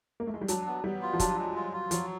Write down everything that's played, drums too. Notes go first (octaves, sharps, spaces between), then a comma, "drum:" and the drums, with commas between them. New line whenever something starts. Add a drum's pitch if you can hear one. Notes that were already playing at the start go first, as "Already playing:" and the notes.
A#3
A3
G#3
G3
F#3 D4, drum: hi-hat
B3
G3 B3
F4
F3
F#3 D4, drum: kick, hi-hat
G#3
F4
F4
F3 F#3, drum: hi-hat